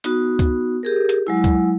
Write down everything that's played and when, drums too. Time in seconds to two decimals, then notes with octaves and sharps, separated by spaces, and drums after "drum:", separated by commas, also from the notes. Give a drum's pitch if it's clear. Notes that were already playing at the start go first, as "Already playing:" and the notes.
0.04 B3 D#4 F#4, drum: hi-hat
0.39 drum: kick C#2, hi-hat
0.83 G4 G#4 A#4
1.09 drum: hi-hat
1.27 F#3 G#3 E4
1.44 drum: kick C#2, hi-hat